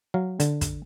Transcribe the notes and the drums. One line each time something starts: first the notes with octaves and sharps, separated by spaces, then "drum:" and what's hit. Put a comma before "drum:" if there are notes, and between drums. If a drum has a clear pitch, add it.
F#3 F5
D3, drum: hi-hat
drum: kick, hi-hat